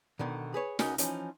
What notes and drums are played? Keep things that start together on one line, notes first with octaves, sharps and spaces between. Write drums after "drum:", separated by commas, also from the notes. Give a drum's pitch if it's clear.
B2 D3 D#3
G#4 B4 C#5
C#2 C#4 D#4 F#4 A#4 F#5, drum: snare
E3 F3 G#3 C#4 D#4, drum: hi-hat